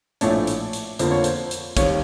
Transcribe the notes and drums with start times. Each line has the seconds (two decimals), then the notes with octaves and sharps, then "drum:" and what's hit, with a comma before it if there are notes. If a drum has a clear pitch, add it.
0.21 A#1 A2 F3 A3 D4 C#5, drum: hi-hat
0.47 drum: hi-hat
0.73 drum: hi-hat
0.99 F2 D3 F3 A#3 C5, drum: hi-hat
1.11 C#5
1.24 C5, drum: hi-hat
1.51 drum: hi-hat
1.77 D#2 D#3 G3 C4 C#5, drum: kick, hi-hat